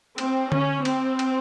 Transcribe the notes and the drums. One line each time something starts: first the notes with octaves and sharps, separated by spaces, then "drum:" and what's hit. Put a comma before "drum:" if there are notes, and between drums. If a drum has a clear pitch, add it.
C4, drum: cymbal
C#4, drum: tom D3
C4, drum: cymbal
drum: cymbal